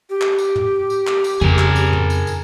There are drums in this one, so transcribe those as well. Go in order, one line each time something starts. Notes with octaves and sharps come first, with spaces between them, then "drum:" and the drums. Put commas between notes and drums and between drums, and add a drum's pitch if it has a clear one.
G4
drum: clap
drum: tambourine
drum: tom
drum: tambourine
drum: clap
drum: tambourine
F2 C#3 G#4 A#4, drum: tom
drum: clap
drum: tambourine
drum: tom
drum: tambourine
drum: tambourine